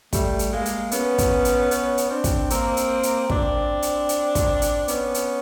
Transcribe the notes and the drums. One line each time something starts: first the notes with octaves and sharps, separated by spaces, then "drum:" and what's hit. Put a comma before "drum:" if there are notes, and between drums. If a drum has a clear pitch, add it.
G3 A3, drum: kick, hi-hat
drum: hi-hat
G#3 A#3
drum: hi-hat
B3 C#4, drum: hi-hat
drum: kick, hi-hat
drum: hi-hat
B3 C#4, drum: hi-hat
drum: hi-hat
C4 D4
drum: kick, hi-hat
A#3 C4, drum: hi-hat
drum: hi-hat
drum: hi-hat
C4 D4, drum: kick
drum: hi-hat
drum: hi-hat
drum: kick, hi-hat
drum: hi-hat
B3 C#4, drum: hi-hat
drum: hi-hat